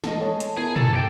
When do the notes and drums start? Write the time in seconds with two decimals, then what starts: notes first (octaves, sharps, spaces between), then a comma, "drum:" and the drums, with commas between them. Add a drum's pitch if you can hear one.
0.04 E3 A4 D#5, drum: snare
0.21 G#3 A4 C#5 A5
0.40 drum: hi-hat
0.57 B3 E4 G#4 A#4 A5
0.76 A4, drum: tom
0.93 C#2 G5 D6